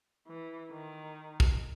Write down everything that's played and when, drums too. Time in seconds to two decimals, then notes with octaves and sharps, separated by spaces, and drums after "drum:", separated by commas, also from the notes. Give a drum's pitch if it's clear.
0.27 E3
0.72 D#3
1.40 drum: kick